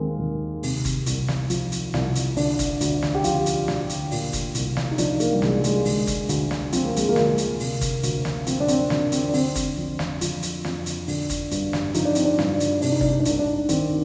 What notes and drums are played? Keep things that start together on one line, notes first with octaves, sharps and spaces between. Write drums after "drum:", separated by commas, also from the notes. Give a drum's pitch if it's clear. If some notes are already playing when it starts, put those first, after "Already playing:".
Already playing: D#2 D#3 G#3 A#3 C4
D#2
C3, drum: open hi-hat
drum: kick, hi-hat
C2, drum: hi-hat
drum: snare
F3, drum: hi-hat
drum: hi-hat
C2, drum: snare
drum: hi-hat
D3 D4, drum: open hi-hat
drum: kick, hi-hat
D2, drum: hi-hat
drum: snare
G4
F3 F4, drum: hi-hat
drum: hi-hat
D2, drum: snare
drum: hi-hat
A#2, drum: open hi-hat
drum: kick, hi-hat
C2, drum: hi-hat
drum: snare
D#4
F3 D4, drum: hi-hat
A#3, drum: hi-hat
G3
C2 G#3, drum: snare
G#3, drum: hi-hat
D3 G#3, drum: open hi-hat
drum: kick, hi-hat
D2, drum: hi-hat
drum: snare
F3 C4, drum: hi-hat
A#3
G#3, drum: hi-hat
A#3
D2, drum: snare
drum: hi-hat
C3, drum: open hi-hat
drum: kick, hi-hat
D2, drum: hi-hat
drum: snare
F3 C4, drum: hi-hat
D4
C4, drum: hi-hat
D2 D4, drum: snare
C4, drum: hi-hat
D4
D3 C4, drum: open hi-hat
drum: kick, hi-hat
F2
drum: snare
F3, drum: hi-hat
drum: hi-hat
F2, drum: snare
drum: hi-hat
D3, drum: open hi-hat
drum: kick, hi-hat
G2, drum: hi-hat
drum: snare
F3 D#4, drum: hi-hat
D4
C4, drum: hi-hat
D4
G2, drum: snare
drum: hi-hat
C3 D4, drum: open hi-hat
D#4
D4, drum: kick
D#4
D4
C2 D#4, drum: hi-hat
D4
D#3 C4, drum: hi-hat